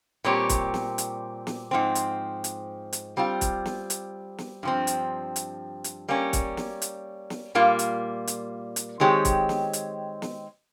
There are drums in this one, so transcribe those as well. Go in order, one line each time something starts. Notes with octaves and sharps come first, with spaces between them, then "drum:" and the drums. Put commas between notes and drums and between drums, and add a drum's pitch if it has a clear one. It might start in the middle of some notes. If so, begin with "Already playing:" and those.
A#2 G3 C4 G4 C#5
drum: kick, hi-hat
drum: snare
drum: hi-hat
drum: snare
G#2 F3 C4
drum: hi-hat
drum: hi-hat
drum: hi-hat
G3 C4 F4
drum: kick, hi-hat
drum: snare
drum: hi-hat
drum: snare
G2 F3 C4
drum: hi-hat
drum: hi-hat
drum: hi-hat
G3 A#3 C#4
drum: kick, hi-hat
drum: snare
drum: hi-hat
drum: snare
A#2 G3 A#3 F4
drum: hi-hat
drum: hi-hat
drum: hi-hat
D#3 G#3 C4 G4 C#5
drum: kick, hi-hat
drum: snare
drum: hi-hat
drum: snare